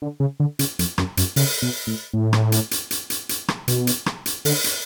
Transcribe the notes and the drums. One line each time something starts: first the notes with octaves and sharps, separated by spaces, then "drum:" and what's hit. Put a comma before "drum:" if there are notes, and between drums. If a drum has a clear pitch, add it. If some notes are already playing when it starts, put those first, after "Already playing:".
D3
C#3
D3
C#3, drum: hi-hat
F2, drum: hi-hat
F#2, drum: rim click
F#2, drum: hi-hat
C#3, drum: open hi-hat
B2
A2
A2
drum: rim click
drum: hi-hat
drum: hi-hat
drum: hi-hat
drum: hi-hat
drum: hi-hat
drum: rim click
B2, drum: hi-hat
drum: hi-hat
drum: rim click
drum: hi-hat
D3, drum: open hi-hat
drum: hi-hat